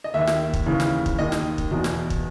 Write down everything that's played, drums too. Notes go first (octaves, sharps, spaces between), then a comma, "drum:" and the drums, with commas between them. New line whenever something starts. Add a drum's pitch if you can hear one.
D#5
D#2 D#3 E5
drum: snare
drum: kick
D#2 C#3 E3
drum: snare
drum: kick
D#2 D#3 D#5
drum: snare
drum: kick
E2 B2
drum: snare
drum: kick